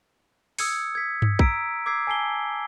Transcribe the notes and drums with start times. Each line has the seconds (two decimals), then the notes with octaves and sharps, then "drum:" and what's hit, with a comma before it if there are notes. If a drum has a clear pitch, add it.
0.59 D#6 E6 G#6 C#7, drum: open hi-hat
0.95 G#6 B6
1.22 drum: tom G2
1.39 A#5 E6 B6 D7, drum: kick
1.86 D6 E6 G#6 C7
2.07 G#5 A5 C7 G7